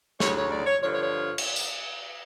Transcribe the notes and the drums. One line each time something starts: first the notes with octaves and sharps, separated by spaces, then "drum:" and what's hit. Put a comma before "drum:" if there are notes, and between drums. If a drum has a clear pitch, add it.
D2 C#3 F#3 C#5, drum: snare
C#5
D5
C#5
G2 D3 F3 C#5
C#5
C#5
drum: cymbal
drum: tambourine